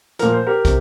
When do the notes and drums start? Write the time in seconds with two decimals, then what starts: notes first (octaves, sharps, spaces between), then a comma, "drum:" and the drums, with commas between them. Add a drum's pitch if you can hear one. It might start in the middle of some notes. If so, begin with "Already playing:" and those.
0.19 A#2 F3 A#4, drum: hi-hat
0.33 C5
0.47 G4 A#4
0.65 C3, drum: kick, hi-hat